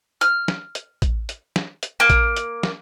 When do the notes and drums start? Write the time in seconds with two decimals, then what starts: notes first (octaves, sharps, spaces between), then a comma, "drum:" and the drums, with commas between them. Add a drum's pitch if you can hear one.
0.21 F6, drum: hi-hat
0.48 drum: snare
0.75 drum: hi-hat
1.02 drum: kick A1, hi-hat
1.29 drum: hi-hat
1.56 drum: snare
1.83 drum: hi-hat
2.00 A#3
2.10 drum: kick A1, hi-hat
2.36 drum: hi-hat
2.63 drum: snare